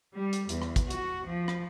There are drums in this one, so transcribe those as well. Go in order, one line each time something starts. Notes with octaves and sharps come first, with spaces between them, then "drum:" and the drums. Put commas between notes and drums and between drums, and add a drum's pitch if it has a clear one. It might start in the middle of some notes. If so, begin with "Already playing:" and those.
G3
drum: hi-hat
E2, drum: hi-hat
drum: rim click
drum: kick, hi-hat
F#4, drum: hi-hat
F3
drum: rim click